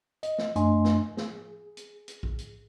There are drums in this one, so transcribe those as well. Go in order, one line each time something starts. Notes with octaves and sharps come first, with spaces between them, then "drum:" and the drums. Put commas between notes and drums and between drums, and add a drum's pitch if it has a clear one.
D#5, drum: hi-hat
drum: snare
F#2 A3 D4 D#5 G#5 C6, drum: hi-hat
drum: snare
G#4, drum: snare
drum: hi-hat
drum: hi-hat
drum: kick A#1
drum: hi-hat